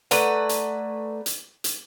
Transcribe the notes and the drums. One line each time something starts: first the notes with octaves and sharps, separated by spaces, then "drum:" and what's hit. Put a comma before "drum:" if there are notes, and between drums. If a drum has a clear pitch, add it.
A3 B4 D5 F#5 A#5, drum: hi-hat
drum: hi-hat
drum: hi-hat
drum: hi-hat